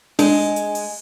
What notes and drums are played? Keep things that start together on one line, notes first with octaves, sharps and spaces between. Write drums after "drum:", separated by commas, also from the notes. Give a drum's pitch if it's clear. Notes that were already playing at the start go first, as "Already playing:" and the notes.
G#3 D4, drum: open hi-hat
drum: hi-hat
drum: open hi-hat